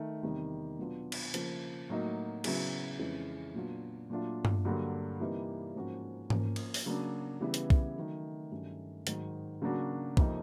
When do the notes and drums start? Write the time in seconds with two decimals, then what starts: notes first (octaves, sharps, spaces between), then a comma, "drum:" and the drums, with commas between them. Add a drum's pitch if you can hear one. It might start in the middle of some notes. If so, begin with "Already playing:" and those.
Already playing: D#3 A3
0.23 E2 C3 D#3 G3
0.78 B2 F#3 B3 D4 F4
1.12 drum: cymbal
1.34 C#3 F3 A#3, drum: hi-hat
1.89 A2 F#3 A#3 D#4
2.44 C#3 F#3 B3 E4 G#4, drum: cymbal
2.99 F2 C#3 E3 G#3 C#4
3.54 A#2 F#3 B3 D4 F4
4.10 A#2 F#3 A3 D4 F4
4.45 drum: tom G2
4.65 G2 D3 F#3 A#3
5.20 C3 E3 G3 A#3 D#4
5.75 G#2 F3 A#3 C#4 F#4
6.30 F3 A#3 C#4, drum: tom G#2
6.56 drum: cymbal
6.74 drum: open hi-hat
6.86 C#3 F#3 A#3 D4
7.41 C#3 E3 G3 B3 E4
7.54 drum: hi-hat
7.70 drum: kick B1
7.96 D#3 F#3 A3
8.51 G2 D#3 F#3 A3 C#4
9.07 G#2 D#3 F#3, drum: hi-hat
9.62 C#3 F#3 A#3 D4 F#4
10.17 F2 C3 F3 A#3 D#4, drum: kick B1